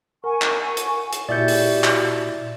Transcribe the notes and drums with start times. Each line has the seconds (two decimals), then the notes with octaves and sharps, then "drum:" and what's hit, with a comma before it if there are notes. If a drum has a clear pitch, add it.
0.24 A#4 F#5 G#5 C#6
0.42 drum: clap
0.77 drum: hi-hat
1.13 drum: hi-hat
1.29 A#2 E4 F#4 G4 D5 E5 G6 C#7
1.48 drum: open hi-hat
1.84 drum: clap